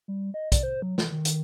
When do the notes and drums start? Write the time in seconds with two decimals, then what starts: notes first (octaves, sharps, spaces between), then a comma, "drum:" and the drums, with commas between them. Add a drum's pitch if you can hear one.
0.08 G3
0.34 D#5
0.52 D5, drum: kick, hi-hat
0.63 C5
0.82 F#3
0.98 E3, drum: snare
1.12 D#3
1.25 D#3, drum: hi-hat